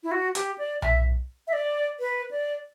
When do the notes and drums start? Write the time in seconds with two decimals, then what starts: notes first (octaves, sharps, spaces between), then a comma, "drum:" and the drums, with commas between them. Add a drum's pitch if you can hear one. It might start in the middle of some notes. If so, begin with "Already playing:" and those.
0.03 E4
0.11 F#4
0.35 G4, drum: hi-hat
0.58 D5
0.82 E5, drum: tom B1
1.47 E5
1.53 D5
2.00 B4
2.31 D5